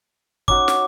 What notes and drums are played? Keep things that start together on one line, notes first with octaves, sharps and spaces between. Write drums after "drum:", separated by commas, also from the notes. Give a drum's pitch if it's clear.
C#4 D#4 F#4 D6, drum: kick
drum: snare